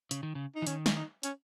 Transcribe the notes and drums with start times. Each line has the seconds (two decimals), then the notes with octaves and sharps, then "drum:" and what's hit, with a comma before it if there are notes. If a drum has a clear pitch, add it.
0.11 C#3, drum: hi-hat
0.23 D#3
0.35 C#3
0.55 D#4
0.62 E3
0.67 D#3 C#4, drum: hi-hat
0.86 drum: snare
0.96 D#4
1.23 C#4, drum: hi-hat